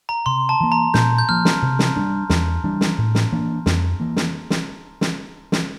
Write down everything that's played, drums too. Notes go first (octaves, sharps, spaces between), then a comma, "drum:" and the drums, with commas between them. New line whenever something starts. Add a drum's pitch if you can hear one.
A#5
C3 C6
A5
E3 A#3
A#5
A#2 G6, drum: snare
G6
F3 A#3 F6
drum: snare
C3
drum: snare
G3 A#3 D4
E2, drum: snare
E3 G3 D4
drum: snare
A2
drum: snare
E3 A#3 D4
F2, drum: snare
E3 A#3
drum: snare
drum: snare
drum: snare
drum: snare